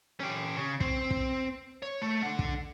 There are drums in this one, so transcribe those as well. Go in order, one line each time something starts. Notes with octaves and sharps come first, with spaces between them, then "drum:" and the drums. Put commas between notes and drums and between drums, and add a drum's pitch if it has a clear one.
C#4 G4
C#3
C4, drum: kick
drum: kick
C#5
A3
D3 F#5
drum: kick